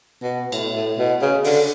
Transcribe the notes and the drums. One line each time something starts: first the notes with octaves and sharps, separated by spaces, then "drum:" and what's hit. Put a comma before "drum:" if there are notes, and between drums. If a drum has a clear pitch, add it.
B2
A2, drum: cymbal
A2
B2
C#3
D3, drum: open hi-hat